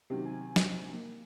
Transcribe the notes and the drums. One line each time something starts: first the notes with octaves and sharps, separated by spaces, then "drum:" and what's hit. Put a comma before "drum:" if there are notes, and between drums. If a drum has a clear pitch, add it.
C3 D#3 F#3 G4
G#5
G#5
drum: snare
A#3